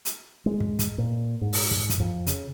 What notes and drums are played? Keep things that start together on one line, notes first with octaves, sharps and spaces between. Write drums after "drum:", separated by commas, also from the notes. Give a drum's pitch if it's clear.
drum: hi-hat
G#3
drum: kick
drum: kick, hi-hat
A#2
G#2
drum: open hi-hat
drum: kick
drum: kick, hi-hat
F2
C#3, drum: hi-hat